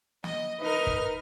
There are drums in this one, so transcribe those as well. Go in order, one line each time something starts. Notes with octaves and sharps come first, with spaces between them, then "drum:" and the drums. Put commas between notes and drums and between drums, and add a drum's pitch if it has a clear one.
D#5, drum: snare
D#4 A#4 B4 D#5 F6
drum: kick